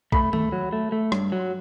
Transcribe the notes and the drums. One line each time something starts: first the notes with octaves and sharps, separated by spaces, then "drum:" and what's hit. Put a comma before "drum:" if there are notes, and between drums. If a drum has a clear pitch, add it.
A3 B5, drum: kick A#1
A3, drum: tom D#3
F#3
A3
A3
G2, drum: rim click
F#3